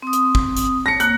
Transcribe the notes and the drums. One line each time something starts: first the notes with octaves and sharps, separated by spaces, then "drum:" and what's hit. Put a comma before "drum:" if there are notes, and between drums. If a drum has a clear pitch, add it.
C4 D#6
drum: hi-hat
drum: kick
drum: hi-hat
A5 A#6 C#7
A#3 F#6, drum: hi-hat